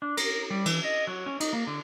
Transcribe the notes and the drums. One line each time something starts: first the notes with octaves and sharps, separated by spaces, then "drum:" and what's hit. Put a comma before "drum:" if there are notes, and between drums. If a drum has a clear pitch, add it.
D4
A#4, drum: cymbal
G3
E3, drum: cymbal
D#5
F#3
C#4
D#4, drum: cymbal
A#3
D3